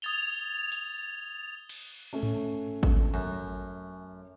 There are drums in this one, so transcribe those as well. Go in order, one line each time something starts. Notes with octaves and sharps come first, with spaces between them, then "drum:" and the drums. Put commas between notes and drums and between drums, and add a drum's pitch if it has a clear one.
D#6 G#6 A6 F7 G7
drum: hi-hat
drum: cymbal
A3 C#4
drum: tom G#2
drum: kick G#1
F#2